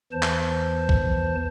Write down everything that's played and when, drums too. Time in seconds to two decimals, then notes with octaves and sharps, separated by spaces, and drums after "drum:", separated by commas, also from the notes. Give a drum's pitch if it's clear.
0.12 E2 E3 C5 A5
0.23 drum: clap
0.89 drum: kick B1